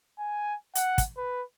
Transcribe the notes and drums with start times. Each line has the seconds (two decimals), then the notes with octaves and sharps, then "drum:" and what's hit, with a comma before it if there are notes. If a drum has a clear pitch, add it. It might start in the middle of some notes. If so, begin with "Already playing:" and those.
0.19 G#5
0.75 F#5, drum: hi-hat
0.98 drum: kick, hi-hat
1.17 B4